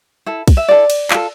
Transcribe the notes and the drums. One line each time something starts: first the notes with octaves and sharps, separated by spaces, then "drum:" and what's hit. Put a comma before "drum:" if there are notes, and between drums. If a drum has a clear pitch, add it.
E4 A4
drum: kick, cymbal
E5
E4 A4 D5
drum: cymbal
F4 A4, drum: clap